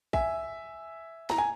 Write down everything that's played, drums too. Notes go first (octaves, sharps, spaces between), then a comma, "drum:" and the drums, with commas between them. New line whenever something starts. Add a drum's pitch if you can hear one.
E5 G#5, drum: kick
A#5, drum: snare
G#5